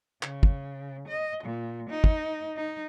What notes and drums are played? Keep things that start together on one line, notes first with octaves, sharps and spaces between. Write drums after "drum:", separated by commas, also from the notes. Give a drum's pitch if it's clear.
C#3, drum: clap
drum: kick
D#5
A#2
D#4
drum: kick
D#4